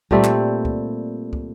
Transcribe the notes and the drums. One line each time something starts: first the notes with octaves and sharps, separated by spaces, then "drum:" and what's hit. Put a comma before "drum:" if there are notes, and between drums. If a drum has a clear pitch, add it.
A#2 G3 A3 C4, drum: kick
drum: clap
drum: kick
drum: kick